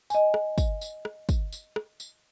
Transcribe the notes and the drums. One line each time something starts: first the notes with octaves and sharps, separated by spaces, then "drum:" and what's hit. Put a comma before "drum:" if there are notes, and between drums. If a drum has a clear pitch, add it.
D#5 G#5, drum: tambourine
drum: rim click
drum: kick, tambourine
drum: tambourine
drum: rim click
drum: kick, tambourine
drum: tambourine
drum: rim click
drum: tambourine